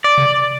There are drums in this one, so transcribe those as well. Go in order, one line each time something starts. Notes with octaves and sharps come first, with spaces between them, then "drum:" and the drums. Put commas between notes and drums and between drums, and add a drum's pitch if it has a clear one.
D5
drum: tom B2